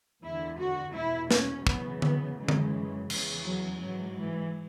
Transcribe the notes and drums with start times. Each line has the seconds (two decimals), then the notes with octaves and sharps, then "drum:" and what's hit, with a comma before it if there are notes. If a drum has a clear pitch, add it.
0.22 E2 D3 E4
0.59 F#4
0.94 E2 B2 E4
1.31 C#4, drum: snare
1.67 F#2 C#3 E3 B3, drum: kick
2.02 B3, drum: tom D3
2.38 F#2 C#3 E3 G#3
2.48 drum: tom D3
3.10 E2 C#3 E3, drum: cymbal
3.46 F#3
3.82 G#2 E3 F#3
4.18 E3